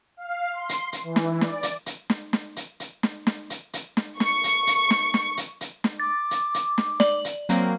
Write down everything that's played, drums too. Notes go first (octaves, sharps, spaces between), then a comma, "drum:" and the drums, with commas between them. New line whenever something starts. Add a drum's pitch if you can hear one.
F5
C6
drum: hi-hat
drum: hi-hat
E3
drum: snare
D5, drum: snare
drum: hi-hat
drum: hi-hat
drum: snare
drum: snare
drum: hi-hat
drum: hi-hat
drum: snare
drum: snare
drum: hi-hat
drum: hi-hat
drum: snare
C#6, drum: snare
drum: hi-hat
drum: hi-hat
drum: snare
drum: snare
drum: hi-hat
drum: hi-hat
drum: snare
D6 A6
drum: hi-hat
drum: hi-hat
drum: snare
D5 F#7, drum: snare
drum: hi-hat
F#3 A#3 C4, drum: hi-hat